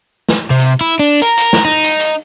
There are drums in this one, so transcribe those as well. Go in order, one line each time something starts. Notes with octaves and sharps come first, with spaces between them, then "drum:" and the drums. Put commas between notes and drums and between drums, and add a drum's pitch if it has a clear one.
drum: snare
C3
drum: hi-hat
E4
D4
A#4, drum: hi-hat
drum: hi-hat
drum: snare
D#4
drum: hi-hat
drum: hi-hat